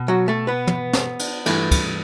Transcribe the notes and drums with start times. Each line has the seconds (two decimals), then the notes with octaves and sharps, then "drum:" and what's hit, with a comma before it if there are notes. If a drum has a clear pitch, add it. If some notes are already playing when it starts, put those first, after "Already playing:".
Already playing: B2
0.08 F#3 F#4
0.28 A3 A4
0.47 B3 B4
0.67 drum: tom
0.93 drum: snare
1.19 drum: cymbal
1.46 G2 E3 A3, drum: cymbal
1.71 drum: kick, cymbal